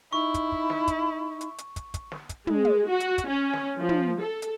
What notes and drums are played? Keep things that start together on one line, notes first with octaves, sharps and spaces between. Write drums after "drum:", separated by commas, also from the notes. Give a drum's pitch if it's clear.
D#4 E4 C#6
drum: kick, hi-hat
drum: kick
drum: snare
drum: kick, hi-hat
drum: hi-hat
drum: hi-hat
drum: kick, hi-hat
drum: kick, hi-hat
drum: snare
drum: kick, hi-hat
G#3, drum: tom
drum: tom
F#4
drum: hi-hat
drum: kick, hi-hat
C#4
drum: snare
F3
drum: tom
A4
drum: hi-hat